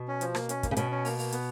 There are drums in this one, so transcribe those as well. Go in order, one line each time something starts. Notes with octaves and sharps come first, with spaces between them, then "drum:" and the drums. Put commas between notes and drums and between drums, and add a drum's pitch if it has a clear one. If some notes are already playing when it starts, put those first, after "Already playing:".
Already playing: B2
C#4
F3, drum: hi-hat
A#3, drum: rim click
C#4, drum: hi-hat
A#3, drum: kick, hi-hat
C#3
B2 C#4, drum: hi-hat
C#4
A#3, drum: open hi-hat
A#3, drum: open hi-hat
B3, drum: hi-hat